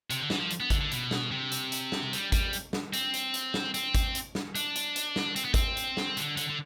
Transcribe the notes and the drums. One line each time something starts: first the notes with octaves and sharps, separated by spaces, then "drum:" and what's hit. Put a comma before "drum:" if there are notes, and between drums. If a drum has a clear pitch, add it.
C3, drum: hi-hat
D3
E3, drum: snare
F3
drum: hi-hat
B3
D3, drum: kick G#1, hi-hat
D3
B2, drum: hi-hat
drum: snare
C3
drum: hi-hat
drum: hi-hat
drum: snare
G3, drum: hi-hat
G3, drum: kick G#1, hi-hat
drum: hi-hat
drum: snare
C4, drum: hi-hat
drum: hi-hat
drum: hi-hat
drum: snare
C4, drum: hi-hat
drum: kick G#1, hi-hat
drum: hi-hat
drum: snare
D4, drum: hi-hat
drum: hi-hat
drum: hi-hat
drum: snare
C4, drum: hi-hat
B3
C4, drum: kick G#1, hi-hat
drum: hi-hat
drum: snare
D3, drum: hi-hat
D3, drum: hi-hat
D3